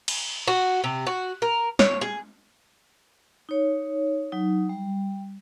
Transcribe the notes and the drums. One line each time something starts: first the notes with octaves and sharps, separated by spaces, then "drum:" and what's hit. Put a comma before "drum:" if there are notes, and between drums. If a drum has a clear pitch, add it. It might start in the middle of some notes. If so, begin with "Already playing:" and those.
drum: cymbal
F#4
C3
F#4
A#4
C#5, drum: snare
G#4
D#4 C#5
F#3 D#4
G3